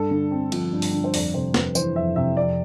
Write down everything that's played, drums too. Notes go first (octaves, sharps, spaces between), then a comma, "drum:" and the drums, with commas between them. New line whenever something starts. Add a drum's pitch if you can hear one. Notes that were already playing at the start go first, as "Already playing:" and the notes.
Already playing: G2 A4
D3
C4
F3, drum: cymbal
G2
drum: open hi-hat
D3
C5
F2 D5, drum: open hi-hat
C3 C5
F2 B4, drum: snare
E3 C5, drum: tambourine
F2 E5
C3 E5
F2 D5